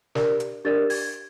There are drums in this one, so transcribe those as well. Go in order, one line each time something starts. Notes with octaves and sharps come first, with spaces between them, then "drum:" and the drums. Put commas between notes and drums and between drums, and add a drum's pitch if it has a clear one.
D4 G4 A#4 D5, drum: snare
drum: hi-hat
D4 G4 A#4 D5 A6
G#6, drum: open hi-hat